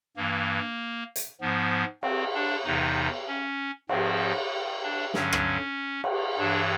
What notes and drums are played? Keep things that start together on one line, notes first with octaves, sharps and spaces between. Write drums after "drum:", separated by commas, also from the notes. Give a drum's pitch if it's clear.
G2 E3 A#3
drum: hi-hat
G#2 F3 B3
C4, drum: cymbal
D4
E2 C3 E3 D#4
C#4
G#2 F3 C4, drum: cymbal
D4
G2 D3 F#3 C#4, drum: snare
drum: rim click
drum: cymbal
G2 E3 D4